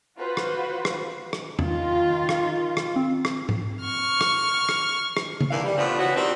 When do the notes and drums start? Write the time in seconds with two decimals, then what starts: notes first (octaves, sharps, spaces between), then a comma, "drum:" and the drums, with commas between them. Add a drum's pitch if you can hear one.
0.17 F4 F#4 B4 C5
0.37 drum: rim click
0.85 drum: rim click
1.33 drum: rim click
1.59 D#3 F4, drum: tom
2.29 drum: rim click
2.77 drum: rim click
2.96 C4
3.25 drum: rim click
3.49 drum: tom G#2
3.82 C#6 F6
4.21 drum: rim click
4.69 drum: rim click
5.17 drum: rim click
5.41 drum: tom C#3
5.51 E2 D#3 E3 A#3 D4 F5
5.65 G3
5.78 A2 F3 B3 C4 D4 F4
5.99 B2 E3 B3 C#4 E4 F#4
6.16 D#3 F3 G3 C4